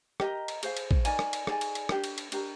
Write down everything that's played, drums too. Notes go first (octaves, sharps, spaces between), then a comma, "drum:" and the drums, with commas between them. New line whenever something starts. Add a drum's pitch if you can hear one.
G4 A#4 D#5 A#5, drum: rim click
drum: cymbal
G#4 C5 F5, drum: cymbal
drum: cymbal
drum: kick
D#4 A#4 D5 G#5, drum: cymbal
drum: rim click
drum: cymbal
D#4 G#4 D5 G#5, drum: rim click
drum: cymbal
drum: cymbal
D4 G4 A#4, drum: rim click
drum: cymbal
drum: cymbal
D4 G4 A#4, drum: cymbal